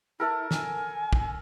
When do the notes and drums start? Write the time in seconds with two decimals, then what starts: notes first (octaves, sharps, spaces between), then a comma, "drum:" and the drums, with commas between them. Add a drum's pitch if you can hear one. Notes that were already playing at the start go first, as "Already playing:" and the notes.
0.20 E4 A4 A#4
0.51 G#5, drum: snare
1.13 drum: kick